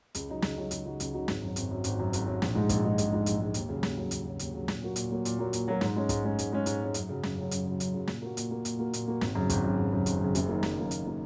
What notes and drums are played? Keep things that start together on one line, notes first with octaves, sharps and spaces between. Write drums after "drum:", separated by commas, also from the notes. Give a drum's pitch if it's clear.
C#2, drum: hi-hat
C#3 F#3 D#4 F#4
C#2, drum: snare
C#3 F#3 D#4 F#4
C#2, drum: hi-hat
C#3 F#3 D#4 F#4
C#2, drum: hi-hat
C#3 F#3 D#4 F#4
G#1, drum: snare
F#2 F#3
G#1, drum: hi-hat
F#2 F#3
G#1, drum: hi-hat
F#2 F#3
G#1, drum: hi-hat
F#2 F#3
A#1, drum: snare
G#2 G#3 D#4
A#1, drum: kick, hi-hat
G#2 G#3 D#4
A#1, drum: hi-hat
G#2 G#3 D#4
A#1, drum: hi-hat
G#2 G#3 D#4
D#2, drum: hi-hat
C#3 F#3
D#2, drum: snare
C#3 F#3
D#2, drum: hi-hat
C#3 F#3
D#2, drum: hi-hat
C#3 F#3
A#2, drum: snare
F#3 A#3 F#4
A#2, drum: hi-hat
F#3 A#3 F#4
A#2, drum: hi-hat
F#3 A#3 F#4
A#2, drum: hi-hat
F#3 A#3 F#4
G#2, drum: snare
G#3 C#4
G#2, drum: kick, hi-hat
G#3 C#4
G#2, drum: hi-hat
G#3 C#4
G#2, drum: hi-hat
G#3 C#4
F#2, drum: hi-hat
C#3 F#3
F#2, drum: snare
C#3 F#3
F#2, drum: hi-hat
C#3
F#3
F#2, drum: hi-hat
C#3 F#3
A#2, drum: snare
A#3 F#4
A#2, drum: hi-hat
A#3 F#4
A#2, drum: hi-hat
A#3 F#4
A#2, drum: hi-hat
A#3 F#4
G#1, drum: snare
F#2 C#3
G#1, drum: kick, hi-hat
F#2 C#3
G#1
F#2 C#3
G#1, drum: hi-hat
F#2 C#3
F#1, drum: hi-hat
F#2 D#3 A#3
F#1, drum: snare
F#2 D#3 A#3
F#1, drum: hi-hat
D#3 A#3